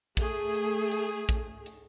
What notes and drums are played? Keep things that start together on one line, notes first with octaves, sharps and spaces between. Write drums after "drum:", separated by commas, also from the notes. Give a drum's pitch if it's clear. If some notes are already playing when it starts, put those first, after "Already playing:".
A3 G#4, drum: kick, hi-hat
drum: hi-hat
drum: hi-hat
drum: kick, hi-hat
drum: hi-hat